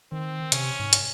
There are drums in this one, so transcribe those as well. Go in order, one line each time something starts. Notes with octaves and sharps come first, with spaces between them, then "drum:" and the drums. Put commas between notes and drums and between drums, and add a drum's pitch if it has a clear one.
D#3 C4
C3 C#4, drum: hi-hat
G#2
drum: hi-hat